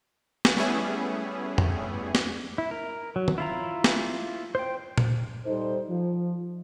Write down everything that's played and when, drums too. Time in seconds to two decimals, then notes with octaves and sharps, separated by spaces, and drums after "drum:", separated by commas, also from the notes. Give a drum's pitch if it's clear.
0.45 drum: snare
0.56 G3 A3 B3 C#4 E4 G#4
1.58 drum: tom
2.15 drum: snare
2.58 E4
2.71 A#4
3.16 F#3
3.28 drum: tom
3.38 E4 F4 A#5
3.84 drum: snare
4.55 C5 G5
4.98 drum: tom A#2
5.46 G3 D#4 A4 C5
5.89 F3